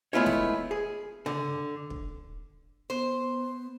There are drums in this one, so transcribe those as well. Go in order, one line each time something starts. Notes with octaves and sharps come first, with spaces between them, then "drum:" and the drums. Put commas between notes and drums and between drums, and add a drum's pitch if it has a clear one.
G#3 A3 B3 E4 F4 C#5
drum: snare
G#4
D3, drum: tom C#3
drum: kick
B3 C5